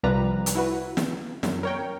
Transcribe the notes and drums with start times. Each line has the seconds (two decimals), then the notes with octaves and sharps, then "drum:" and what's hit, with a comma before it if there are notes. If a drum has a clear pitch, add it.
0.03 C2 C3 F3 G3 B4 A#5
0.46 drum: hi-hat
0.55 E4 F#4 B4
0.97 drum: snare
1.43 F#2, drum: snare
1.63 A#4 C#5 G5